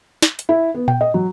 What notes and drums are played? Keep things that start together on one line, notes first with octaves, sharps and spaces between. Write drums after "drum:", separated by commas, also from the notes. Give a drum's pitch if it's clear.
drum: snare
drum: hi-hat
E4
B3
G5, drum: tom A#2
D#5
F#3